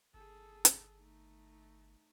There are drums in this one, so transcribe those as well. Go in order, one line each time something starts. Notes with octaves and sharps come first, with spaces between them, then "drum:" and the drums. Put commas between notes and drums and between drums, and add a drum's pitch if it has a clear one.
G1 G#4 A4
drum: hi-hat
A3 D#4